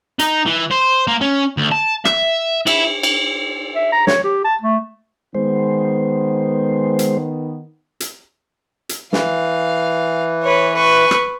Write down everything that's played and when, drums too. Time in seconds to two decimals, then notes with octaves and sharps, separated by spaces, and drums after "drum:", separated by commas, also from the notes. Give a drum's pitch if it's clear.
0.19 D#4, drum: hi-hat
0.47 E3
0.71 C5
1.07 A#3
1.21 C#4
1.57 D2
1.72 A5
2.05 E5, drum: rim click
2.67 E4, drum: cymbal
3.03 drum: cymbal
3.76 E5
3.92 A#5
4.07 C#5, drum: snare
4.24 G4
4.45 A5
4.61 A3
5.35 D#3 G#3 B3 C5
6.99 drum: hi-hat
8.00 drum: hi-hat
8.89 drum: hi-hat
9.13 E3 F5, drum: snare
10.43 B4 C#5
10.74 B4 C#6
11.11 drum: rim click